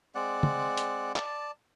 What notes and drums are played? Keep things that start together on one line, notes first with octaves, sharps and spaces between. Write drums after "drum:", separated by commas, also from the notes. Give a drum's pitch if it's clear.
G#3 C4 D5 F#5
drum: tom
drum: hi-hat
D5 A5, drum: clap